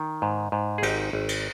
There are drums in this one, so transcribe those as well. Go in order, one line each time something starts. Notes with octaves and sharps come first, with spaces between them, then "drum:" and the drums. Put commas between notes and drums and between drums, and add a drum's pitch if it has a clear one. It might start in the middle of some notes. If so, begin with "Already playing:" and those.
Already playing: D#3
G#2
G#2
G#4
G#1 D#4 G4, drum: cymbal
G#1
drum: cymbal